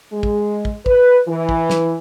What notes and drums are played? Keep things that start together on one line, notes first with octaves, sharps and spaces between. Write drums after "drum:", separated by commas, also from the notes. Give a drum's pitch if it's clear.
G#3
drum: kick
drum: kick
B4, drum: kick
E3
drum: kick
drum: snare